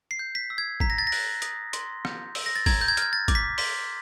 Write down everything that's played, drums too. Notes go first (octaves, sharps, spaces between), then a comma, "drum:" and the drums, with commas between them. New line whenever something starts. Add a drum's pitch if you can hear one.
C7
G6
B6
E6
G#6
A#5 B6, drum: kick
A#6
A6
A#6
F#6, drum: open hi-hat
D#6, drum: hi-hat
C6, drum: hi-hat
G6, drum: rim click
E6, drum: open hi-hat
A#6
A6
A#5 G#6, drum: kick, open hi-hat
G6
G#6
F6, drum: hi-hat
G#6
A6
D6, drum: kick, hi-hat
B6
C6 B6, drum: open hi-hat